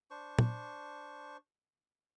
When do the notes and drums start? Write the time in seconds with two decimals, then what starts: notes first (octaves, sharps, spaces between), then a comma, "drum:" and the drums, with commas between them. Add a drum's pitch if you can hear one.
0.11 D4 C5 C#6
0.39 drum: tom